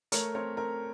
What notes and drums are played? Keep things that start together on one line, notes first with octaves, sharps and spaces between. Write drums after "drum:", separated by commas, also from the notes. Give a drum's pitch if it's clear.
A3 A#4 C#5, drum: hi-hat
C4 A#4 C#5
C4 A#4